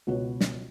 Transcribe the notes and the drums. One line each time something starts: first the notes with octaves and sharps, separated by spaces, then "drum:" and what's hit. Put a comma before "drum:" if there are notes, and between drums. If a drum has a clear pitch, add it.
C#2 B2 B3 F#4 C#5
drum: snare